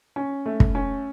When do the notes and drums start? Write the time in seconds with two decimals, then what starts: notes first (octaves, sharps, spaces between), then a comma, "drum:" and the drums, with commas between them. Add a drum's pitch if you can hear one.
0.16 C#4
0.46 A3
0.60 drum: kick
0.75 C#4